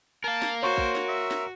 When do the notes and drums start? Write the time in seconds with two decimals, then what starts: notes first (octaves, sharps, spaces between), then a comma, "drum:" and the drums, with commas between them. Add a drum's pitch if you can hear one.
0.24 A#4 F5 A5
0.42 drum: snare
0.63 F#4 C5 C#5 C6 C#6
0.77 drum: kick A#1
0.95 drum: snare
1.09 E5
1.31 drum: snare